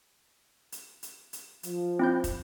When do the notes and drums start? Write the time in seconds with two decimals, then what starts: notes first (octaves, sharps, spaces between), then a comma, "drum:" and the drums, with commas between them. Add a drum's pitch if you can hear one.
0.72 drum: hi-hat
1.03 drum: hi-hat
1.33 drum: hi-hat
1.63 F3, drum: hi-hat
1.99 C4 E4 G6
2.24 drum: kick, hi-hat